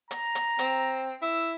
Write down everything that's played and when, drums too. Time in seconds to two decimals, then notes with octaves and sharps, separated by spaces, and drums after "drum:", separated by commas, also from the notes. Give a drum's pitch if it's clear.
0.11 A#5, drum: hi-hat
0.35 drum: hi-hat
0.59 C4, drum: hi-hat
1.22 E4 E6